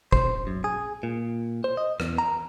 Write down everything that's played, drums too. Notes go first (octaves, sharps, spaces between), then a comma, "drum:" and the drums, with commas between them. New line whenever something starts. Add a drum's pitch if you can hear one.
C5, drum: kick F1
F#2
G#4
A#2
C5
D#5
E2, drum: rim click
A#5